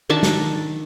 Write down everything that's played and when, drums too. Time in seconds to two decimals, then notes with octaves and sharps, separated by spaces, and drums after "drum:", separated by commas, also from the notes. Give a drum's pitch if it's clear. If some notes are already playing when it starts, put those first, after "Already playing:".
0.10 D#3 D4 E5 A5
0.23 drum: snare